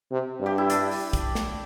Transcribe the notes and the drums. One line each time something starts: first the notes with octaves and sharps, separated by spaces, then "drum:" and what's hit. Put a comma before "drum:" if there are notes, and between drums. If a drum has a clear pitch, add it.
C3
G2
G4
E4
D4, drum: hi-hat
drum: open hi-hat
drum: kick, hi-hat
drum: snare